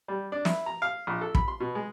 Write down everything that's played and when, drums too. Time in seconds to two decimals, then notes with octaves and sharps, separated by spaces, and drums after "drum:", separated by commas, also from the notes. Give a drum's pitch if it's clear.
0.08 G3
0.32 D4
0.45 E4, drum: snare
0.66 A#5
0.82 F5
1.07 A#1
1.21 A4
1.35 B5, drum: kick
1.48 C6
1.60 B2
1.75 G#3